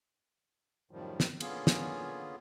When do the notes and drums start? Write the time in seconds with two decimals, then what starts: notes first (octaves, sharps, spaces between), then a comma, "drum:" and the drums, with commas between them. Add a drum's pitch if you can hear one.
0.91 F#2 A2 D#3 F3 G3
1.20 drum: snare
1.40 D3 A#3 B3 C#4 F4 G#4, drum: cymbal
1.67 drum: snare